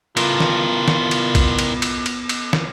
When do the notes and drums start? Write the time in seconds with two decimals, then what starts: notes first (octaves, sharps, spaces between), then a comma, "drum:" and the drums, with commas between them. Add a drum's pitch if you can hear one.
0.17 B3 E4 F4 A4 A#4, drum: cymbal
0.40 drum: snare
0.88 drum: snare
1.11 drum: cymbal
1.35 drum: kick, cymbal
1.59 drum: cymbal
1.82 drum: cymbal
2.06 drum: cymbal
2.29 drum: cymbal
2.53 drum: snare